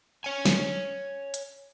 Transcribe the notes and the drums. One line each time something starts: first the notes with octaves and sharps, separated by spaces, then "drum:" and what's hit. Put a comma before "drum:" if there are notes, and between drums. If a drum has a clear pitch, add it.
C#5 G#5
drum: snare
drum: hi-hat